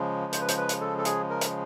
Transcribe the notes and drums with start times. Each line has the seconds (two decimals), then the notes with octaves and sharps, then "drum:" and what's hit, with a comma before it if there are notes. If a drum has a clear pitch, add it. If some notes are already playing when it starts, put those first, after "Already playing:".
Already playing: C#3 F3 G#3
0.33 C5, drum: hi-hat
0.41 B4
0.48 C5, drum: hi-hat
0.57 B4
0.69 drum: hi-hat
0.81 A4
0.98 A4
1.05 G#4, drum: hi-hat
1.30 A#4
1.41 drum: hi-hat